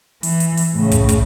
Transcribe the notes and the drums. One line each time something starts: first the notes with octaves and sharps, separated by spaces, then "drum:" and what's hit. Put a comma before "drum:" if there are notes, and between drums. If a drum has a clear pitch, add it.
E3, drum: open hi-hat
drum: hi-hat
drum: open hi-hat
A2 C#3
drum: kick, hi-hat
drum: kick, hi-hat